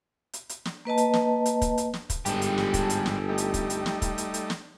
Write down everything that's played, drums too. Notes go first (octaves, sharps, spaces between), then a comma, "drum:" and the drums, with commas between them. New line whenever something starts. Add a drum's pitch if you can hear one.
drum: hi-hat
drum: hi-hat
drum: snare
A#3 B4 D#5 A5
drum: hi-hat
drum: snare
drum: hi-hat
drum: kick, hi-hat
drum: hi-hat
drum: snare
drum: kick, hi-hat
G1 G#2 G3 G4 A4, drum: hi-hat
drum: hi-hat
drum: snare
drum: kick, hi-hat
drum: hi-hat
drum: snare
G3 A3 D#4
drum: hi-hat
drum: kick, hi-hat
drum: hi-hat
drum: snare
drum: kick, hi-hat
drum: hi-hat
drum: hi-hat
drum: snare